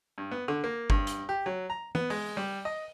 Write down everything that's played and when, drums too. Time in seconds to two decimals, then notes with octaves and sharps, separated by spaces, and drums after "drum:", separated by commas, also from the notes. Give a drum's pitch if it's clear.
0.18 G2
0.31 B3
0.48 D3
0.64 A#3
0.90 G2, drum: kick G1
1.07 drum: hi-hat
1.29 G4
1.46 F#3
1.70 A#5
1.95 B3, drum: tom
2.10 G#3, drum: open hi-hat
2.37 G3
2.65 D#5